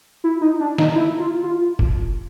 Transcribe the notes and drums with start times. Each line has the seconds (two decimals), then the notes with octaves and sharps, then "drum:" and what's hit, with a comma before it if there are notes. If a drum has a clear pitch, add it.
0.24 E4
0.41 D#4
0.60 D4
0.78 D#4, drum: snare
0.95 E4
1.19 F4
1.44 F4
1.79 drum: kick